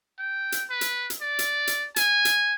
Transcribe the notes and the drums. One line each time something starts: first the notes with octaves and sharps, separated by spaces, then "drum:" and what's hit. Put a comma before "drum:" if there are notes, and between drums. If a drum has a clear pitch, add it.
G5
drum: hi-hat
B4
drum: hi-hat
drum: hi-hat
D5
drum: hi-hat
drum: hi-hat
G#5, drum: hi-hat
drum: hi-hat